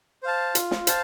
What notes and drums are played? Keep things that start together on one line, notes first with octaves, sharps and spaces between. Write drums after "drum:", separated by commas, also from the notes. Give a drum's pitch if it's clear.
C5 F5 A5
F4, drum: hi-hat
drum: snare
C5 F5 A5, drum: hi-hat